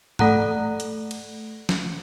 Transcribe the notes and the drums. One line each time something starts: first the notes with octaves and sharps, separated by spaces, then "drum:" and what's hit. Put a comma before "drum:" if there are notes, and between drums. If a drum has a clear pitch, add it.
A3 A4 F#5 A#5 F#6, drum: tom G#2
drum: hi-hat
drum: cymbal
drum: snare